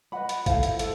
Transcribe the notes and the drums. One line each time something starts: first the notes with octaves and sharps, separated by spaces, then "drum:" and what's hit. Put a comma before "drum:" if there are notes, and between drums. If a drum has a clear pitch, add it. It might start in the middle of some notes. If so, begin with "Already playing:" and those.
B4 D#5 F#5 B5
drum: hi-hat
E4 A4 C5 F5, drum: kick, hi-hat
drum: hi-hat
A4, drum: hi-hat